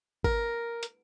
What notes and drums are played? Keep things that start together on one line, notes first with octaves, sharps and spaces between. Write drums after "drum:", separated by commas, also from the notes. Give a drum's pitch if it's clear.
A#4, drum: kick G#1
drum: hi-hat